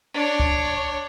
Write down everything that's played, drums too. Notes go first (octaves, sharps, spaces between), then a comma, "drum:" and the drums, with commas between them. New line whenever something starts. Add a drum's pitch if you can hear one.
D4 C#5
drum: kick